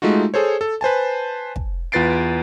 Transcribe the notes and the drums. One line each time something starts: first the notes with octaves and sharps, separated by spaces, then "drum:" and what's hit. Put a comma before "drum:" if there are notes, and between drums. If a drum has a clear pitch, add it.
G#3 A3 D#4 F4 F#4
G#4 A4 C5 C#5
A4
B4 C5 G#5 A5
drum: kick
E2 F4 B4 A6 C7 D7